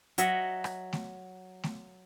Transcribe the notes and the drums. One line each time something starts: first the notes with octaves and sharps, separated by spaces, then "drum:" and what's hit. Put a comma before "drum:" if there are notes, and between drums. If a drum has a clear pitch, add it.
F#3 D#5 E5 F#5, drum: hi-hat
drum: rim click
drum: snare A3
drum: snare A3